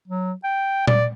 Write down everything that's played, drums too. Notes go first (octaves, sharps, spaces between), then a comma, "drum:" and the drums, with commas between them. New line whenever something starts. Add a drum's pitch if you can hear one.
F#3
G5
D5, drum: tom A#2